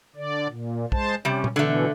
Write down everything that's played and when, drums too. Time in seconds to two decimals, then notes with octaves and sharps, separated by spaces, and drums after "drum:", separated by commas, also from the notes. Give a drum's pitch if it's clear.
0.16 D3 D5
0.48 A#2
0.92 G#3 C5 A5, drum: kick
1.25 C3 G3 C#4
1.44 drum: tom A#2
1.56 B2 D3 E3 A3